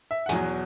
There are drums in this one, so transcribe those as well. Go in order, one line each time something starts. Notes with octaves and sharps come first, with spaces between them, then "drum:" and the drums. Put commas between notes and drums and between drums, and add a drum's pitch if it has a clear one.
E5
F#5
E2 B2 F#3 G#5, drum: snare
drum: hi-hat